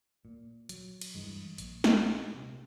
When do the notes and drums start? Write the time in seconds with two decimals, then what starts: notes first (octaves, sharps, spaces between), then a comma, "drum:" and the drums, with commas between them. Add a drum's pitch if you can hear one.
0.25 A#2
0.69 F#3, drum: hi-hat
1.01 drum: cymbal
1.15 G2 E3 G#3
1.58 A#1, drum: hi-hat
1.84 drum: snare
2.34 C3